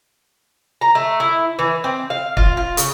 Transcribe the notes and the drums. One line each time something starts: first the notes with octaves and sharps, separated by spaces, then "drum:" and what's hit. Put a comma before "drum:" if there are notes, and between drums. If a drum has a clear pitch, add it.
A#5
A3
E4
E3
C4
F5
F4, drum: kick
F4
C#3, drum: hi-hat